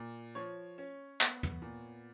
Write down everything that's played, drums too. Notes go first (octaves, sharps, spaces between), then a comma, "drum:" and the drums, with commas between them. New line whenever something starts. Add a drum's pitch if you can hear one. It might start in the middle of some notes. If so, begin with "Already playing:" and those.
Already playing: A#2
F3 C#5
C#4
B3, drum: clap
drum: tom
A#2